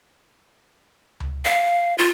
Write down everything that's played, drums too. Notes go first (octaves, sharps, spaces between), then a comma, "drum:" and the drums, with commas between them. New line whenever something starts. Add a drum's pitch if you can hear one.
drum: tom C#2
F5
F4